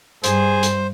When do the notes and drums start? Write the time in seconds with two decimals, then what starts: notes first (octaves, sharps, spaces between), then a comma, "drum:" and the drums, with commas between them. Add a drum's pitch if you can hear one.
0.24 G2 G#4 C5, drum: hi-hat
0.63 drum: hi-hat